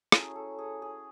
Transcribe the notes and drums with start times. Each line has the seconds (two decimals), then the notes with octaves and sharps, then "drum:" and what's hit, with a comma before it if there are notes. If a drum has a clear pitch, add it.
0.12 F#3 A3 C#4 E4 G#4, drum: rim click
0.35 A4
0.59 G#4
0.82 G#4